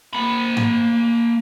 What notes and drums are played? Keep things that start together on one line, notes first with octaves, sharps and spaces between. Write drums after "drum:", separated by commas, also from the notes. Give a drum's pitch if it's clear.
A#3 B5
drum: tom G#2